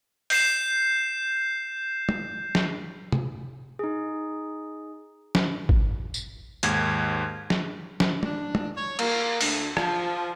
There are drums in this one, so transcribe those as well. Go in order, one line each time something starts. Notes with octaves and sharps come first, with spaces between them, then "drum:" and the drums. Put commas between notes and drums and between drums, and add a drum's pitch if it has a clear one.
G6 C7 E7, drum: open hi-hat
drum: tom
drum: snare
drum: tom C3
D#4 G#4
drum: snare
drum: kick G#1
drum: tambourine
D#2 G#2 G#6, drum: hi-hat
drum: snare
drum: snare
D4, drum: tom
drum: tom
C#5
A#3, drum: cymbal
D2, drum: open hi-hat
F3, drum: rim click